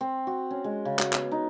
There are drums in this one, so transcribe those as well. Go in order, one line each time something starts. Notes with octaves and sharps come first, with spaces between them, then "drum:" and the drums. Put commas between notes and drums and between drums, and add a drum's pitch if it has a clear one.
C4
F#4
C#4
G#3
C#3
F#4, drum: clap
B3, drum: clap
D#4